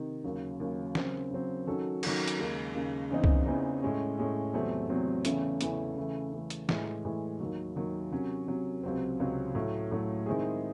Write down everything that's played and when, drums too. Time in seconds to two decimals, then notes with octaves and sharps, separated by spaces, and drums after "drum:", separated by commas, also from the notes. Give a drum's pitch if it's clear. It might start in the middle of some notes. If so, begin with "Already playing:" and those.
Already playing: C3 D#3
0.24 D#2 C#3 F#3
0.60 D#2 C#3 F#3
0.95 C#3 F#3 C4, drum: snare
1.31 C#3 F#3 C4
1.67 D#3 F#3 C#4 F#4 A4
2.03 D#3 F#3 C#4 F#4 A4, drum: cymbal
2.28 drum: hi-hat
2.39 D#2 C#3 G#3
2.74 D#2 C#3 G#3
3.10 E2 C#3 E3 C4 D#4
3.24 drum: kick C#2
3.46 E2 C#3 E3 C4 D#4
3.82 A2 G#3 C#4
4.18 A2 G#3 C#4
4.53 E2 C3 F#3 A3 C4
4.89 E2 C3 F#3 A3 C4
5.25 E2 C#3 E3 A3 C#4, drum: hi-hat
5.61 E2 C#3 E3 A3 C#4, drum: hi-hat
5.97 C#3 E3 A3
6.33 C#3 E3 A3
6.50 drum: hi-hat
6.69 A2 E3 G#3, drum: snare
7.05 A2 E3 G#3
7.40 D#2 D#3 F#3
7.76 D#2 D#3 F#3
8.11 C3 F#3 C#4
8.47 C3 F#3 C#4
8.83 C#2 C3 F#3 C4
9.20 C#2 C3 F#3 C4
9.55 A2 F#3 A3
9.91 A2 F#3 A3
10.26 D#3 G#3 C4 E4 G#4